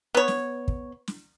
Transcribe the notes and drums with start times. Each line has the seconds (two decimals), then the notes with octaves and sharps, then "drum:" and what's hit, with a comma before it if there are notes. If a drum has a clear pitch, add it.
0.14 B3 C#5
0.28 drum: snare
0.68 drum: kick
1.08 drum: snare